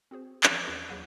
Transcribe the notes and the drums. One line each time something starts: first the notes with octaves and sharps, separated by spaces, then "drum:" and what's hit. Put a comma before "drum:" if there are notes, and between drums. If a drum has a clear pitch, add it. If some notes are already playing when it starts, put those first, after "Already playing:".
C4 F#4 G#4 C5
E3 F3, drum: clap
E2 C#4 F4 G#4 B4
D#2 F#3 G#4 F5 F#5 D#7